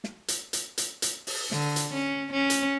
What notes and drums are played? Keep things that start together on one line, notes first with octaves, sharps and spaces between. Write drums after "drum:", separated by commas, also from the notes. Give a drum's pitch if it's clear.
drum: snare
drum: hi-hat
drum: hi-hat
drum: hi-hat
drum: hi-hat
drum: open hi-hat
D3, drum: snare
drum: hi-hat
C#4
C#4
drum: hi-hat